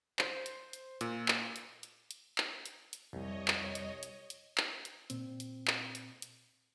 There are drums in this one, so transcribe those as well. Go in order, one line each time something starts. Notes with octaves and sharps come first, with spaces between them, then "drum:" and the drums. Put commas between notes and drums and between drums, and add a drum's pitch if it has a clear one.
C5, drum: clap
drum: hi-hat
drum: hi-hat
A#2, drum: hi-hat
drum: clap
drum: hi-hat
drum: hi-hat
drum: hi-hat
drum: clap
drum: hi-hat
drum: hi-hat
C2 F2 G3 C#5 D#5
drum: clap
drum: hi-hat
drum: hi-hat
drum: hi-hat
drum: clap
drum: hi-hat
A#2 C4, drum: hi-hat
drum: hi-hat
drum: clap
drum: hi-hat
drum: hi-hat